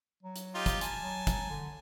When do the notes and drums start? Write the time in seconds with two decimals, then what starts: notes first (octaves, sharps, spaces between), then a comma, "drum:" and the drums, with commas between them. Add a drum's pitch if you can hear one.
0.23 F#3
0.36 drum: hi-hat
0.55 D#4 F4 G4
0.66 drum: kick, hi-hat
0.81 G#5 A5, drum: hi-hat
1.03 F#3
1.27 drum: kick, hi-hat
1.50 D3